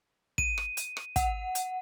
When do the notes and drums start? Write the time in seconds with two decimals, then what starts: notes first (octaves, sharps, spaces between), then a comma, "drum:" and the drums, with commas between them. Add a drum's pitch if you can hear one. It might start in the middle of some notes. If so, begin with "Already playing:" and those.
0.38 D#7, drum: kick
0.58 drum: rim click
0.77 drum: hi-hat
0.97 drum: rim click
1.16 F#5, drum: kick, hi-hat
1.55 drum: hi-hat